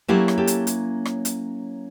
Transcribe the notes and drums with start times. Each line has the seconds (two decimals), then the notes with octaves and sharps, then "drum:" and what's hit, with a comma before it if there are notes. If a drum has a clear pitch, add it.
0.08 F#3 A#3 C#4 E4 G4 A4
0.28 drum: rim click
0.38 G4 A4
0.47 drum: hi-hat
0.67 drum: hi-hat
1.05 drum: rim click
1.25 drum: hi-hat